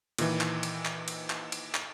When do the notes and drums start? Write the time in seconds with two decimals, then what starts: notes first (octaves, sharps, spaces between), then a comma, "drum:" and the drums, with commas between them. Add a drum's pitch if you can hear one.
0.18 A#2 D#3 E3, drum: cymbal
0.41 drum: clap
0.63 drum: cymbal
0.85 drum: clap
1.08 drum: cymbal
1.30 drum: clap
1.52 drum: cymbal
1.75 drum: clap